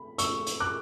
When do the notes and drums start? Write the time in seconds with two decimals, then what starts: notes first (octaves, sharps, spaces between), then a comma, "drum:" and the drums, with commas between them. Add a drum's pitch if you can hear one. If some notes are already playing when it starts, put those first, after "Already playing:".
Already playing: B5
0.18 C#6 E6, drum: hi-hat
0.47 drum: hi-hat
0.60 D6 F#6